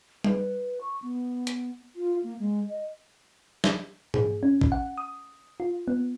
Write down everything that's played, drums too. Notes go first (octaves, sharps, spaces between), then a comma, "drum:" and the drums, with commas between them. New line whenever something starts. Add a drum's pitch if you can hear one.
B4, drum: tom G3
C#6
B3
drum: hi-hat
F4
A#3
G#3
D#5
drum: snare
G#4, drum: tom G#2
C#4
drum: kick A1
F#5
D#6
F4
B3